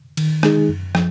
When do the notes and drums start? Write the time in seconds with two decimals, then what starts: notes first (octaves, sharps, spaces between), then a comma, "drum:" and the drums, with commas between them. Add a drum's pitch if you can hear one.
0.17 D#3, drum: cymbal
0.43 G#3 D#4 G#4, drum: rim click
0.69 F#2
0.95 F3, drum: rim click